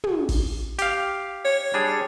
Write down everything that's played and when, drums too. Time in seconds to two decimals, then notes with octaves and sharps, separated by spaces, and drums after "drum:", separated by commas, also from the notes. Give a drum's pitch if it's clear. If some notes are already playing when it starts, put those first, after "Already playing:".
0.04 drum: tom
0.29 drum: kick, open hi-hat
0.79 G4 F5, drum: hi-hat
1.45 C#5
1.74 G3 D4 G#4